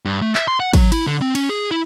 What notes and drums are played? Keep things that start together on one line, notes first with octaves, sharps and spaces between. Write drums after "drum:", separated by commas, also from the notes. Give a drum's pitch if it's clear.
G2
A3
E5, drum: clap
C6
F#5
F#3, drum: kick, cymbal
E4, drum: cymbal
D3
C4
C#4, drum: cymbal
G#4
E4